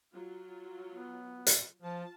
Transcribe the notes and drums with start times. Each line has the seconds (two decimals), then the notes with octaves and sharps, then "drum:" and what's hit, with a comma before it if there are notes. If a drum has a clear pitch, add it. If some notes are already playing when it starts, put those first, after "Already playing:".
0.13 F#3 F4
0.92 B3
1.47 drum: hi-hat
1.82 F3 F4 A5